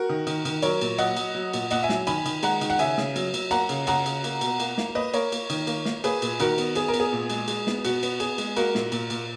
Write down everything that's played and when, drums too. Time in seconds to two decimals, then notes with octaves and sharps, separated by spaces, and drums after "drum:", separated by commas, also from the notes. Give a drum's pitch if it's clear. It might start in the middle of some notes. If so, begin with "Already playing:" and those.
Already playing: F#4 A#4
0.10 D#3
0.27 D#3, drum: cymbal
0.45 D#3, drum: cymbal
0.62 F#3 A#4 C#5, drum: cymbal
0.81 A#2, drum: cymbal
0.98 F#3 D#5 F#5, drum: cymbal
1.17 F#3, drum: cymbal
1.35 F#3
1.53 A#2, drum: cymbal
1.71 A#2 D#5 F#5, drum: cymbal
1.83 E5 G#5
1.89 F#3, drum: snare
2.07 D#3 G#5 B5, drum: cymbal
2.26 D#3, drum: cymbal
2.43 G#3 F#5 A#5, drum: cymbal
2.61 D#3, drum: cymbal
2.70 F#5
2.79 C#3 E5 G#5, drum: cymbal
2.98 C#3, drum: snare
3.16 F#3, drum: cymbal
3.34 F#3, drum: cymbal
3.51 A#3 F#5 A#5, drum: cymbal
3.69 C#3, drum: cymbal
3.87 C#3 F#5 A#5, drum: cymbal
4.06 C#3, drum: cymbal
4.24 A#3, drum: cymbal
4.41 B2, drum: cymbal
4.60 A#3, drum: cymbal
4.78 A#3, drum: snare
4.95 A#3 B4 D#5
5.14 A#3 A#4 C#5, drum: cymbal
5.32 A#3, drum: cymbal
5.50 D#3, drum: cymbal
5.67 A#3, drum: cymbal
5.85 A#3, drum: snare
6.04 A#3 G#4 B4, drum: cymbal
6.22 A#2, drum: cymbal
6.40 D#3 F#4 A#4, drum: cymbal
6.58 B3, drum: cymbal
6.75 B3 G#4, drum: cymbal
6.88 A#4
6.94 B3, drum: cymbal
7.00 G#4
7.13 A#2
7.30 G#3, drum: cymbal
7.48 G#3, drum: cymbal
7.67 B3, drum: snare
7.85 B2 F#4, drum: cymbal
8.03 B3, drum: cymbal
8.20 B3 G#4, drum: cymbal
8.38 G#3, drum: cymbal
8.56 A#3 F#4 A#4, drum: cymbal
8.75 A#2, drum: snare
8.92 A#2, drum: cymbal
9.10 A#2, drum: cymbal